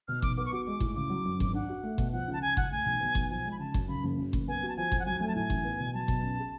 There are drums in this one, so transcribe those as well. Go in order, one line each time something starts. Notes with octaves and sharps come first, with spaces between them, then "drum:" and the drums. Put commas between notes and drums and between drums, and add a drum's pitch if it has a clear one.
B2 F6
B1 D6, drum: kick G1
B3 D6
C#6
F#4 D6
G#3 D6
A2, drum: kick G1
C#3 D6
F#3
F#2
G#1, drum: kick G1
D4 F#5
F#4
A3
B2, drum: kick G1
F3 F#5
C#2
A5
C#3 G#5
C#2 F#5, drum: kick G1
A3 G#5
B1
B2
B1, drum: kick G1
F3 G#5
G#3
B5
C#3 A5
F#2, drum: kick G1
C#3 B5
F#1
F#2
F#1, drum: kick G1
B3 G#5
F#4
A5
F3 G#5
F2, drum: kick G1
F#5
F#3 G#5
A3 G#5
A5
A2 G#5
A1, drum: kick G1
B3
B2
F#3 A5
B2, drum: kick G1
C#4
G#4